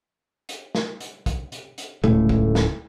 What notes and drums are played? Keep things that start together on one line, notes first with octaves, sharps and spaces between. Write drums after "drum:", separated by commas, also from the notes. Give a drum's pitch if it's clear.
drum: hi-hat
drum: snare
drum: hi-hat
drum: kick, hi-hat
drum: hi-hat
drum: hi-hat
D1 C#2 A2 A3, drum: tom A#2
drum: kick
drum: snare